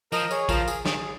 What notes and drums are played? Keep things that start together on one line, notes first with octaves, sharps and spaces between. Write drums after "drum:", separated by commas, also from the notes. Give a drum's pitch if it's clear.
F3 A#4 D#5, drum: tambourine
G#4 C#5, drum: tambourine
F3 F4 A#4, drum: kick A1, tambourine
G#4, drum: tambourine
D#3 G#4, drum: snare